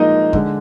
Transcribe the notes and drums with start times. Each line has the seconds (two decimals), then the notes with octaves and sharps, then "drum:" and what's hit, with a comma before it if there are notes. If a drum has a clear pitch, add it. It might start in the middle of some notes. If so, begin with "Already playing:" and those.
Already playing: A#2 F3 G#3 A#3 D#4 D#5
0.33 D3 G#3, drum: kick